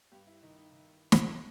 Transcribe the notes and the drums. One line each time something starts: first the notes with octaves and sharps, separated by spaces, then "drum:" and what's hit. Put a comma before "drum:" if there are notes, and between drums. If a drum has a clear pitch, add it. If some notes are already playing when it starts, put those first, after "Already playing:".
G2 G4
E4
D#3 D#4
D#4
D#3
drum: snare